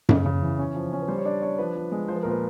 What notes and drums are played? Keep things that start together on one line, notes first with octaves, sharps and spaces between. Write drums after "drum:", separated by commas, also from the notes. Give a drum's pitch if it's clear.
C#3, drum: tom F#2
C#3
E3
C#4
F3
C#4
B4
G3 C5
C#5
D4 D5
D4 C#5
F3 B4
F3
G#3
F3 C5
B4
A#2 A#4
B4